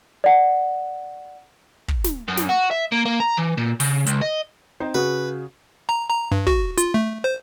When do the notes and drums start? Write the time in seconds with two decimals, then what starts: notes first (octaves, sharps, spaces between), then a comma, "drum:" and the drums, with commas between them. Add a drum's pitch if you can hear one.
0.24 D5 F#5
1.88 drum: kick
2.04 drum: snare
2.28 F#2
2.37 drum: snare
2.49 F#4
2.71 E5
2.92 A#3
3.05 A#3
3.20 A#5
3.37 E3
3.57 A#2
3.80 C#3, drum: open hi-hat
4.06 C#2, drum: hi-hat
4.21 D#5
4.80 C4 D#4 C5
4.94 C#3 F#4 G#4 B4
5.89 A#5
6.09 A#5
6.32 G2
6.47 F#4, drum: kick
6.78 F4, drum: hi-hat
6.94 A3
7.24 C5